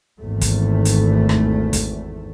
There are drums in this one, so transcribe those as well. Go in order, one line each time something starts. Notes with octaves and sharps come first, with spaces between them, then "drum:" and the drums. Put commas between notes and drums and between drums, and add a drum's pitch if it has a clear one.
G#1 E2 A3
drum: kick, hi-hat
drum: hi-hat
drum: rim click
drum: kick, hi-hat